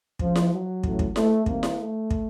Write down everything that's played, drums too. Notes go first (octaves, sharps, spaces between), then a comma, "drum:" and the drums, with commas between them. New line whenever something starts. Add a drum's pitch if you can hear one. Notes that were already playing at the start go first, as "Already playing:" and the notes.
C#2 C#3 F3, drum: kick
drum: snare E4
F#3
A1 A2, drum: kick
drum: kick
A3, drum: snare E4
C2 C3 D#3 A#3, drum: kick
drum: snare E4
A3
drum: kick